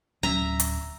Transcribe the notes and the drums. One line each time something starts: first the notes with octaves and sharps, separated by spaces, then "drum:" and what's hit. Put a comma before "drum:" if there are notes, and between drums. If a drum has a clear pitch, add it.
D1 F#3 C#4 E5 A#5
drum: hi-hat